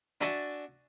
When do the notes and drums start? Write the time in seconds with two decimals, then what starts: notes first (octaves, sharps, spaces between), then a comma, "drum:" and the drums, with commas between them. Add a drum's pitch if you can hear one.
0.21 D4 F#4 E5 G#5 A5, drum: hi-hat